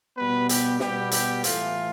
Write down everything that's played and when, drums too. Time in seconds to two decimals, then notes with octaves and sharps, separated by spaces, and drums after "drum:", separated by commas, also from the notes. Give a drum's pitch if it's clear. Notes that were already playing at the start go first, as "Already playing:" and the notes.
0.17 B2 G3 B3 B4
0.49 G4, drum: hi-hat
0.80 B2 G3 B3 G4, drum: snare
1.11 G4, drum: hi-hat
1.44 A2 E3 A3 F4, drum: hi-hat